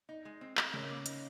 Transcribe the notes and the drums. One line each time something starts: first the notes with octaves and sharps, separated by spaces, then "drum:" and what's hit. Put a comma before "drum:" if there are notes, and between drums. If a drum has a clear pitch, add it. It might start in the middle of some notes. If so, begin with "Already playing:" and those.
D#4
G#3
C4
G#3, drum: clap
C#3 A#4
A#3
D#4, drum: hi-hat